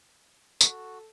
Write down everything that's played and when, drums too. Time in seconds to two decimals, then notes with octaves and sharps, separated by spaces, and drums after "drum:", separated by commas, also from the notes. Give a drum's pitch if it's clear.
0.61 F#4 A4, drum: tambourine